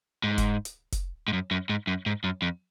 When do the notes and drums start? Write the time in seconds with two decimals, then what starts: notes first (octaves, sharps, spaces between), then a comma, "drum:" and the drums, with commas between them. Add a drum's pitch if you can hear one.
0.24 G#2
0.38 drum: kick F1, hi-hat
0.65 drum: hi-hat
0.92 drum: kick F1, hi-hat
1.28 G#2
1.33 F#2
1.51 F#2
1.69 G#2
1.87 F#2
2.06 G#2
2.24 F#2
2.42 F2